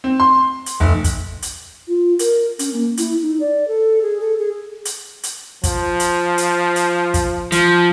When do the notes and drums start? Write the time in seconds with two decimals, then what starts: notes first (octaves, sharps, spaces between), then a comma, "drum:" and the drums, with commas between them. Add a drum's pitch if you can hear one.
0.04 C4
0.20 C6
0.66 drum: hi-hat
0.80 F1
1.04 drum: kick, hi-hat
1.42 drum: hi-hat
1.88 F4
2.19 A#4, drum: hi-hat
2.59 C#4, drum: hi-hat
2.73 A#3
2.97 E4, drum: hi-hat
3.22 D#4
3.40 D5
3.68 A4
4.02 G#4
4.20 A4
4.38 G#4
4.85 drum: hi-hat
5.23 drum: hi-hat
5.64 F3, drum: kick, hi-hat
6.00 drum: hi-hat
6.38 drum: hi-hat
6.76 drum: hi-hat
7.14 drum: kick, hi-hat
7.52 F3, drum: hi-hat